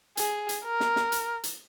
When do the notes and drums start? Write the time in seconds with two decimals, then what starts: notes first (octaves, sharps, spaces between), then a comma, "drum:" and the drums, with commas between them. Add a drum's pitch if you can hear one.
0.17 G#4, drum: hi-hat
0.49 drum: hi-hat
0.65 A#4
0.80 drum: snare
0.96 drum: snare
1.12 drum: hi-hat
1.44 drum: hi-hat